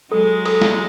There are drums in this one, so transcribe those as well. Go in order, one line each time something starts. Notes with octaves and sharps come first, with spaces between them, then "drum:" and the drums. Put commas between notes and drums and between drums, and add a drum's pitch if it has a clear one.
F#3 G#3 A4
A4, drum: cymbal
drum: snare